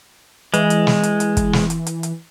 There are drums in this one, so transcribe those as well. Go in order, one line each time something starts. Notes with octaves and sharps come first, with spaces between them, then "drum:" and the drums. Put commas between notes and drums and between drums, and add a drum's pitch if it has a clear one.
E3 G#3, drum: hi-hat
drum: hi-hat
drum: snare
drum: hi-hat
drum: hi-hat
drum: kick, hi-hat
drum: snare
drum: hi-hat
drum: hi-hat
drum: hi-hat